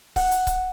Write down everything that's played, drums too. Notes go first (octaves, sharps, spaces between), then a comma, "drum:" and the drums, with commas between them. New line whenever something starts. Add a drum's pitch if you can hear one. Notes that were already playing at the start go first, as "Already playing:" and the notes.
F#5, drum: kick C#1, open hi-hat
drum: hi-hat
drum: kick C#1, hi-hat